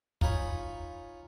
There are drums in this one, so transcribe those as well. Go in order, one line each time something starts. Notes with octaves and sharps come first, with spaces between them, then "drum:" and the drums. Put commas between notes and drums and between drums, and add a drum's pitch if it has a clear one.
D#4 F4 G#4 C#5 B5, drum: kick